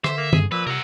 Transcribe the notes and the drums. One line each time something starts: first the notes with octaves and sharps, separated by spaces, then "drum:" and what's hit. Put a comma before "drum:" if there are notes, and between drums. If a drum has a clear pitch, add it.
D3 C5 E5, drum: rim click
A#3
G2 G#4, drum: tom
A#2 F3 B4 E6
C3 A#4 F#5